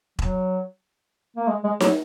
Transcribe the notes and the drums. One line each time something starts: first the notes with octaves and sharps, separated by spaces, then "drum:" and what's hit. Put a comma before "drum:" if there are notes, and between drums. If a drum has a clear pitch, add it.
F#3, drum: kick E1
A#3
G#3
G#3
F#3, drum: snare D#4